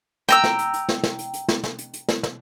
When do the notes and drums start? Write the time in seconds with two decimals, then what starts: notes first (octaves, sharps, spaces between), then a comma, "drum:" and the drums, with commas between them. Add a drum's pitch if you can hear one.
0.29 G5 A#5 E6, drum: snare
0.44 drum: snare
0.59 drum: hi-hat
0.74 drum: hi-hat
0.89 drum: snare
1.04 drum: snare
1.19 drum: hi-hat
1.34 drum: hi-hat
1.49 drum: snare
1.64 drum: snare
1.79 drum: hi-hat
1.94 drum: hi-hat
2.09 drum: snare
2.23 drum: snare